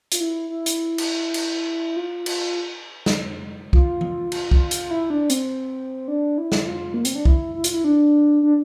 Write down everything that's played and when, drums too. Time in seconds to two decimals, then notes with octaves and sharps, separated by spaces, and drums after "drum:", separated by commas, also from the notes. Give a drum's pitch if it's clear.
0.12 F4, drum: hi-hat
0.21 E4
0.50 E4
0.66 drum: hi-hat
0.98 drum: cymbal
1.34 drum: cymbal
1.96 F4
2.26 F4, drum: cymbal
3.06 drum: snare
3.73 F4, drum: kick C2
4.01 drum: tom E3
4.32 F4, drum: cymbal
4.51 F4, drum: kick C2
4.71 F4, drum: hi-hat
4.91 E4
5.10 D4
5.30 C4, drum: hi-hat
6.08 D4
6.38 E4
6.52 drum: snare
6.67 F4
6.94 A#3
7.05 C4, drum: hi-hat
7.15 D4
7.25 E4, drum: kick C2
7.55 E4
7.64 F4, drum: hi-hat
7.74 E4
7.84 D4
8.43 D4